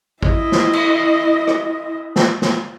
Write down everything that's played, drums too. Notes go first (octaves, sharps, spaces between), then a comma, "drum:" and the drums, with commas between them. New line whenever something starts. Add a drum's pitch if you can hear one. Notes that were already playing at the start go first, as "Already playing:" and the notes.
E4 D#5, drum: kick
drum: snare
drum: cymbal
drum: rim click
drum: snare
drum: snare